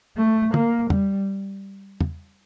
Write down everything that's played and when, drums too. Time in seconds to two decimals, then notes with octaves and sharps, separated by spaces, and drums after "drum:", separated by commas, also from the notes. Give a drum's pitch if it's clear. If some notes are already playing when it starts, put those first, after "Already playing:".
0.17 A3
0.54 A#3, drum: tom
0.90 G3, drum: tom
2.01 drum: tom